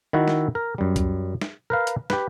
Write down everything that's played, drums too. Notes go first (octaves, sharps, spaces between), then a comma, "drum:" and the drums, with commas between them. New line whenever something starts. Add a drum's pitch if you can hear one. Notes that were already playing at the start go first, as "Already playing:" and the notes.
D#3 E4 F#4 E5
drum: snare
A#4
F#2 G3
drum: kick, hi-hat
drum: snare
A#4 B4 F5
drum: hi-hat
G4 B4, drum: snare